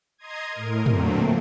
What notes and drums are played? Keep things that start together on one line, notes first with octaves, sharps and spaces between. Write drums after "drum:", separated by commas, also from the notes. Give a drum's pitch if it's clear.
D#5 A#5 C6 D#6 G#6
A2 A#4
A#2 D3 F#3 A3 A#3 C4, drum: tom